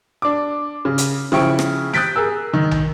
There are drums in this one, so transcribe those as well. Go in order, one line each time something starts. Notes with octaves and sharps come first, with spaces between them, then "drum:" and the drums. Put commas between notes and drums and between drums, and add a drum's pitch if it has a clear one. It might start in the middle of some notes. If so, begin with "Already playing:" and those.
D4 D6
C#3
drum: hi-hat
C#3 F3 E4 G5 C#6 D7, drum: snare
drum: rim click
D#6 F#6 G6 A6 B6 D7, drum: snare
G#4 A#4 E6
D#3
drum: tom